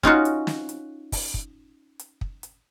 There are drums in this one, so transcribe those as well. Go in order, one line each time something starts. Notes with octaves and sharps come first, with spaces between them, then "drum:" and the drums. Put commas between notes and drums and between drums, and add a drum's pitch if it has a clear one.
C#4 D#4 F4 F#4, drum: kick
drum: hi-hat
drum: snare
drum: hi-hat
drum: kick, open hi-hat
drum: kick
drum: hi-hat
drum: kick
drum: hi-hat